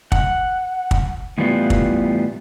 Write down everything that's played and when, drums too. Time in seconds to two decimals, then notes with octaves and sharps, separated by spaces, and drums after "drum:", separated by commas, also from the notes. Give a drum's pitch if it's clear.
0.12 F#5, drum: kick
0.91 drum: kick
1.38 A2 E3 G3 B3 F4
1.70 drum: kick